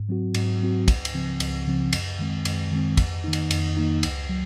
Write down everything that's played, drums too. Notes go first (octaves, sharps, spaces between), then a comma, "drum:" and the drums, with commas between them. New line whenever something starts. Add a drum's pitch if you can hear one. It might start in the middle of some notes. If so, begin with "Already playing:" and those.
Already playing: G#2
F#3 C4 F#4
G#2, drum: cymbal
F#3 C4 F#4
C#2, drum: kick, cymbal
drum: cymbal
C#3 F3 C4
C#2, drum: cymbal
C#3 F3 C4
F#2, drum: cymbal
D#3 G#3 C4
F#2, drum: cymbal
D#3 G#3 C4
F2, drum: kick, cymbal
D#3 A#3 D#4
drum: cymbal
F2, drum: cymbal
D#3 A#3 D#4
C#2, drum: cymbal
F#3